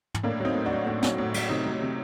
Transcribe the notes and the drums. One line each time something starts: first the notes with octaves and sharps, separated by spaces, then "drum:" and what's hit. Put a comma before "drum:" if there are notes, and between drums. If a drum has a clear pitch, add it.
drum: tom
A2 A#3 D4
F#3 C4 D#4
A2
D4 F#4
F#3
A2 D4 F#4
F#3, drum: snare
A2
F#3, drum: cymbal
C3 C4 D#4
F#3
C3